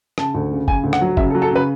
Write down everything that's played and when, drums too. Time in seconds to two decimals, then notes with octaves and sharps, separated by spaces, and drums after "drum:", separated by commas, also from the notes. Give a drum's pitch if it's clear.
0.18 C#3 A5, drum: rim click
0.35 D2
0.51 C#3
0.68 C#3 G#5, drum: kick F#1
0.84 D2
0.93 F#5, drum: rim click
1.01 F#3
1.17 C#3 E5, drum: kick F#1
1.30 A4
1.35 F#3
1.42 A4
1.51 C#3 B4